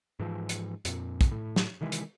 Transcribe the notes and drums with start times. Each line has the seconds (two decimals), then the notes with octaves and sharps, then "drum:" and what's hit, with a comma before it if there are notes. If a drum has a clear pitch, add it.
0.20 G#2 E3 F3
0.49 drum: hi-hat
0.85 F2 A#2, drum: hi-hat
1.21 drum: kick, hi-hat
1.31 A2
1.56 drum: snare
1.81 C3 D#3 E3 G#3
1.92 drum: hi-hat